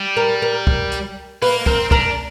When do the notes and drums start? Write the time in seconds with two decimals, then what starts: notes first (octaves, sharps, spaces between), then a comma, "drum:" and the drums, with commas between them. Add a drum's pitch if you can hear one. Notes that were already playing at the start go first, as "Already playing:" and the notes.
Already playing: G3
0.17 A#4
0.42 A#4
0.67 drum: kick
0.92 drum: hi-hat
1.42 A#3 B4, drum: open hi-hat
1.66 C4 A#4, drum: kick
1.91 D4 A#4, drum: kick